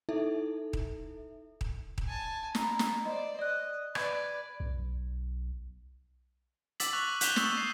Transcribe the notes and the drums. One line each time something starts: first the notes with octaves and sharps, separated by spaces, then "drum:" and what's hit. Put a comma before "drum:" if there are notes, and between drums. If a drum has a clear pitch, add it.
D#4 E4 A4 E5
drum: kick D#1
drum: kick D#1
drum: kick D#1
G#5 A5
E4 A#5, drum: snare
drum: snare
C5 D5 D#5
D5 D#5 F#6
B4 D5 G#6, drum: rim click
B1
D6 E6 A6 B6 F#7, drum: hi-hat
C#6 F#6 F7
F#6 G6 B6 E7 F7 G7, drum: hi-hat
C#6 D#6 E6 B6, drum: snare
C7